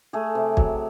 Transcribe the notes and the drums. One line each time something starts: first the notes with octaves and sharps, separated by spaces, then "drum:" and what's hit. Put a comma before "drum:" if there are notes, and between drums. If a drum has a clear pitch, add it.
A3 G#4
C3
F#3, drum: kick